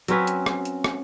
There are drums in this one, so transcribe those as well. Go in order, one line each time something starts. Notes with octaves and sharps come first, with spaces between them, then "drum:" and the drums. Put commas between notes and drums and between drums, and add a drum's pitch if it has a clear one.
F#3 C4 C#4 B4, drum: hi-hat
drum: hi-hat
drum: rim click
drum: hi-hat
drum: rim click